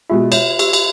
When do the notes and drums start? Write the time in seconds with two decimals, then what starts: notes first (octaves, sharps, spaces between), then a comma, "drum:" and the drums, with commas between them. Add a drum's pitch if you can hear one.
0.10 B2 G#3 F4 G4 E5
0.32 C#5 E5 E7, drum: cymbal
0.59 G4 E6, drum: cymbal
0.73 drum: cymbal